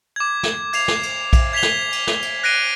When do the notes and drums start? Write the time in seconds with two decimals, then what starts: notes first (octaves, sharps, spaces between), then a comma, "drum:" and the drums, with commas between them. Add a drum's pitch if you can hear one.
0.16 D6 G#6
0.43 drum: snare
0.73 G#6 C7 F7, drum: cymbal
0.88 drum: snare
1.03 drum: cymbal
1.33 drum: kick A#1, cymbal
1.53 G#6 B6 C7 F7 G7
1.63 drum: snare
1.92 drum: cymbal
2.07 drum: snare
2.22 drum: cymbal
2.43 F#6 A#6 C7 D7 D#7 G7